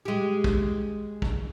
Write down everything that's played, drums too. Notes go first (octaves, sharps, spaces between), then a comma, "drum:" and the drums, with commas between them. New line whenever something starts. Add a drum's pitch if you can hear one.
G#3 G4
drum: kick
drum: kick